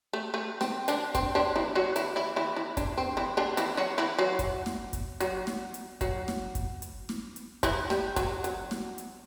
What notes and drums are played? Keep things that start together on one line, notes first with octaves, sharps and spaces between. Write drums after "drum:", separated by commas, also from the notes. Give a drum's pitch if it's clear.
A3
A3
C4, drum: snare
D3 D4, drum: hi-hat
C4, drum: kick, hi-hat
D3 D4
E3 E4
F#3 F#4
E3 E4, drum: hi-hat
E3 E4
E3 E4
E3 E4
D3 D4, drum: kick, hi-hat
C4
E3 E4
D3 D4
E3 E4, drum: hi-hat
F#3 F#4
E3 E4
F#3 F#4
drum: kick, hi-hat
drum: snare
drum: kick, hi-hat
F#3 F#4, drum: hi-hat
drum: snare
drum: hi-hat
F#3 F#4, drum: kick, hi-hat
drum: snare
drum: kick, hi-hat
drum: hi-hat
drum: snare
drum: hi-hat
E3 E4, drum: kick, hi-hat
G3, drum: snare
F#3, drum: kick, hi-hat
F#3, drum: hi-hat
drum: snare
drum: hi-hat